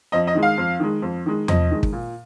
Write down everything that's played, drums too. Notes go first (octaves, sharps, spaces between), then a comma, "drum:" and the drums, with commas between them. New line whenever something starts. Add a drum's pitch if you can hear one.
F2 D#5
D#5
D#3 G#3
F5
F2
D#3 G#3
F2
D#3 G#3
F2 D#5, drum: tom E2
D#3 G#3
drum: kick
A#2